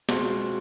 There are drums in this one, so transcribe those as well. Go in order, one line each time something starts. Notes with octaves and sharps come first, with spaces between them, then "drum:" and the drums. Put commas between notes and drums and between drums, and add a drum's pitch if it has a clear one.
B2 G#3 C4 F4, drum: snare